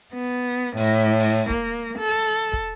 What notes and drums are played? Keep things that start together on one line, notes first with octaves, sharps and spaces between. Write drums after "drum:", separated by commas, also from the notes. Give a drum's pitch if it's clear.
B3
A2, drum: open hi-hat
drum: open hi-hat
A#3, drum: kick
A4
drum: kick